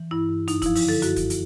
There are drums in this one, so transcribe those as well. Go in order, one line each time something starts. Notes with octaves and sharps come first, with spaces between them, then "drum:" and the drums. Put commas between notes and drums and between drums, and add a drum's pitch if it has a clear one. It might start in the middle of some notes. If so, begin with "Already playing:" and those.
Already playing: E3
G2 E4
G2
F#2 D#4, drum: hi-hat
F3 E4, drum: kick, hi-hat
E4, drum: open hi-hat
D3 A4
F#2 F#4, drum: hi-hat
drum: kick, hi-hat
drum: hi-hat